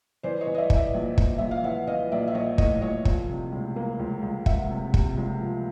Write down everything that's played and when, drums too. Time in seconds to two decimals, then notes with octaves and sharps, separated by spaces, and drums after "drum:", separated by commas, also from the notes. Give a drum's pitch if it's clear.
0.23 E3 C5 D5
0.41 C#5 D#5
0.47 E3
0.54 D#5
0.58 D5 E5
0.70 E3, drum: kick
0.76 D5 E5
0.94 A#1
1.18 A#1, drum: kick
1.38 A#1 E5
1.51 F5
1.64 E3 E5 F#5
1.87 E3 D#5 F5
2.12 A#1 D5 E5
2.28 E5
2.34 A#1 C#5 D#5
2.58 A2 C#5 D#5, drum: kick
2.81 A#1 C#5 D#5
3.05 F3, drum: kick
3.29 C3
3.52 C#2
3.76 A#3
3.99 C#2
4.22 C#2
4.46 C#2 E5 F#5, drum: kick
4.70 C3
4.94 C3, drum: kick
5.17 C#2
5.40 F3